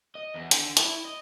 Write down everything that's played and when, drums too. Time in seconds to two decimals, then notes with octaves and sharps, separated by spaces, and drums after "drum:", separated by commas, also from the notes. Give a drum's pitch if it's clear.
0.15 D#5
0.34 E2
0.51 D3, drum: hi-hat
0.77 E4, drum: hi-hat
1.05 D#5